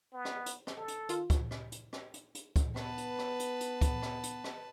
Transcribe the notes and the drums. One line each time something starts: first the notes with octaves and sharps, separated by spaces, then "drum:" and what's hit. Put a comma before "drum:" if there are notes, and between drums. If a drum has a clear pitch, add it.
B3
drum: rim click
drum: hi-hat
drum: rim click
A4
drum: hi-hat
D#3 F4, drum: hi-hat
drum: kick C#2, hi-hat
drum: rim click
drum: hi-hat
drum: rim click
drum: hi-hat
drum: hi-hat
drum: kick C#2, hi-hat
B3 B4 A5, drum: rim click
drum: hi-hat
drum: rim click
drum: hi-hat
drum: hi-hat
drum: kick C#2, hi-hat
drum: rim click
drum: hi-hat
drum: rim click